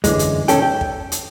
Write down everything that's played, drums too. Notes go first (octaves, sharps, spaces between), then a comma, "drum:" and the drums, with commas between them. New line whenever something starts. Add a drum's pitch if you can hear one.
F#2 D3 E3 G#3, drum: kick, hi-hat
drum: hi-hat
B1 F2 D#3 C#4 A4 G5, drum: hi-hat
G5
drum: kick
drum: hi-hat